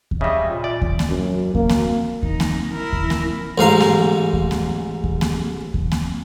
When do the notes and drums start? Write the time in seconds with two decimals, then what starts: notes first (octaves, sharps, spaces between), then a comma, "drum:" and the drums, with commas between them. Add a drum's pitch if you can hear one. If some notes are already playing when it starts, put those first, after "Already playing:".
0.11 drum: kick D#2
0.21 C#3 G3 D#5 E5
0.47 A#2
0.64 D5
0.82 drum: kick D#2
0.99 drum: snare A#3
1.09 F#2
1.55 A#3, drum: kick D#2
1.70 drum: snare A#3
2.23 D#4, drum: kick D#2
2.40 drum: snare A#3
2.74 E4 A#4
2.93 drum: kick D#2
3.10 drum: snare A#3
3.58 A1 G#2 F5 A#5
3.81 drum: snare A#3
4.33 drum: kick D#2
4.51 drum: snare A#3
5.04 drum: kick D#2
5.21 drum: snare A#3
5.74 drum: kick D#2
5.92 drum: snare A#3